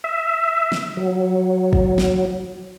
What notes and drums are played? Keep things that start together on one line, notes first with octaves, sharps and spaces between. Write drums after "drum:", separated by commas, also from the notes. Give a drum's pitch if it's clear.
E5
drum: snare
F#3
drum: kick
drum: snare